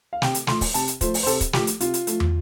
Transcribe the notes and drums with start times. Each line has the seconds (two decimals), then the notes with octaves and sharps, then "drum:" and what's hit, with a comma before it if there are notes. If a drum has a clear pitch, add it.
0.13 F5
0.22 C3 G5, drum: snare
0.35 drum: hi-hat
0.47 F3 A3 C6, drum: snare
0.61 drum: kick, open hi-hat
0.74 C3 A5, drum: hi-hat
0.88 drum: hi-hat
1.01 F3 A3 C5, drum: kick, hi-hat
1.14 drum: open hi-hat
1.23 C5
1.27 C3 A4, drum: hi-hat
1.41 drum: kick, hi-hat
1.53 F3 A3 G4, drum: snare
1.67 drum: hi-hat
1.80 C3 F4, drum: hi-hat
1.94 drum: hi-hat
2.07 F3 A3, drum: hi-hat
2.20 drum: tom